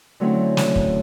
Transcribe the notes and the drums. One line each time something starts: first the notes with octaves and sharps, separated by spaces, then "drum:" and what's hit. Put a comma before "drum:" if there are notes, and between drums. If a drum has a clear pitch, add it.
D3 F#3 A3 C4 C#4 E4
drum: snare
drum: kick